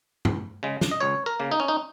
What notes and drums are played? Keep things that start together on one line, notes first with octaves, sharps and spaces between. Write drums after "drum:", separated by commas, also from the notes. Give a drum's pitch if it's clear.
C#2, drum: tom G2
C#3 G#3
drum: snare
D#5
C#2 C#5
A#4
C#3 A#3
D#4
C#4
D#4